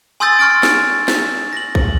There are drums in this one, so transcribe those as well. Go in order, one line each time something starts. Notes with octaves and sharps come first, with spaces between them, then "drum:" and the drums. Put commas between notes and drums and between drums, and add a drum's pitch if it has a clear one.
G#5 C6 D#6 E6 G6 A6
C6 C#6 F6 A6 D7
drum: snare
drum: snare
A#6 F#7
drum: kick A#1